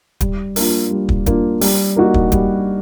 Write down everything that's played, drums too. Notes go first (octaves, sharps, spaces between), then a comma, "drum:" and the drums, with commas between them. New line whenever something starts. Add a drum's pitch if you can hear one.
G3, drum: kick, hi-hat
A#3 D4 F4, drum: open hi-hat
G3
drum: kick
A#3 D4 F4, drum: kick, hi-hat
G3, drum: open hi-hat
A#3 D#4 F#4
drum: kick
G3, drum: kick, hi-hat